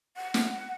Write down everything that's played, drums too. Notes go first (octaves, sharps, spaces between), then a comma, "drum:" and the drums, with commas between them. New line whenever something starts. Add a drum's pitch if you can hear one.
F#5
drum: snare